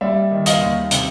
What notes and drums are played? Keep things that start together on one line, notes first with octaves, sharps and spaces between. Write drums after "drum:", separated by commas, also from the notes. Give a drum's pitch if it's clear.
G3 D5 E5
D#3
D#5 F5, drum: hi-hat
D#2
C3, drum: hi-hat